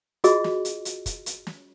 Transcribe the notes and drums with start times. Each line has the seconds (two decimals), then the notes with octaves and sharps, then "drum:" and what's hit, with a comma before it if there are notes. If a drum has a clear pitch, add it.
0.24 F4 F#4 G#4 D#5, drum: hi-hat
0.44 drum: snare
0.65 drum: hi-hat
0.85 drum: hi-hat
1.06 drum: kick, hi-hat
1.26 drum: hi-hat
1.47 drum: snare